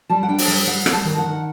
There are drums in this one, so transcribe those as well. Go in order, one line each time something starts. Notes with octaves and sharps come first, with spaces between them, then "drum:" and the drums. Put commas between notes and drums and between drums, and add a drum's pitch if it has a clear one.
G3 A5
F#5
D4 G5
drum: open hi-hat
G3 G5
G3 F#5
G3, drum: rim click
A5
D#3
F#5
D#3